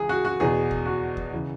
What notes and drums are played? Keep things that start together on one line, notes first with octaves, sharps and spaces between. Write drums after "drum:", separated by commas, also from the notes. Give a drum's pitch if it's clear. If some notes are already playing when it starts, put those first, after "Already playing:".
Already playing: C#2 C#3 E3 G#4
F#4
F#4
E2 B2 G#4
drum: kick D#2
F#4
drum: kick D#2
C#3 E3